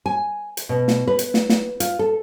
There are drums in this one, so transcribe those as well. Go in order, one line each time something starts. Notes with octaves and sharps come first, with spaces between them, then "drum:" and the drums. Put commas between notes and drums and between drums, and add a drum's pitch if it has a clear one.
G#5
drum: hi-hat
B2
drum: snare
B4
drum: hi-hat
drum: snare
drum: snare
F4, drum: hi-hat
A4